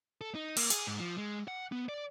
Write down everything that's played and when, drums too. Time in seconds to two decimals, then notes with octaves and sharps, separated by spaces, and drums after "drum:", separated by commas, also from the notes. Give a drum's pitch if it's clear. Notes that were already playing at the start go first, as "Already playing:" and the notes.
0.21 A4
0.35 D#4
0.57 A#3, drum: cymbal
0.70 G#4, drum: hi-hat
0.87 G#2
1.00 F3
1.18 G#3
1.48 F#5
1.72 B3
1.89 D5